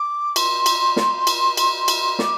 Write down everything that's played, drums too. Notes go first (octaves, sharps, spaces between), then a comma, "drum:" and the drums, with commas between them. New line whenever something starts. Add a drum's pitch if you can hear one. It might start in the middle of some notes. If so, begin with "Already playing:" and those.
Already playing: D6
C6, drum: cymbal
drum: cymbal
drum: snare
drum: cymbal
drum: cymbal
drum: cymbal
D6, drum: snare